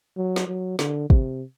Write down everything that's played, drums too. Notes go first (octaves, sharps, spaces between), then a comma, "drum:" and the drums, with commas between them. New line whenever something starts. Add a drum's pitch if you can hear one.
F#3
drum: snare
F#3
D3, drum: snare
C3, drum: kick